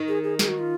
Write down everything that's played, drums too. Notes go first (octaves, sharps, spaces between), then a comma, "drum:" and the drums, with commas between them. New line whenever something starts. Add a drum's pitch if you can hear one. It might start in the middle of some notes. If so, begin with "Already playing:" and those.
Already playing: D#3
G#4
G#4
G#4, drum: snare
F#4
F4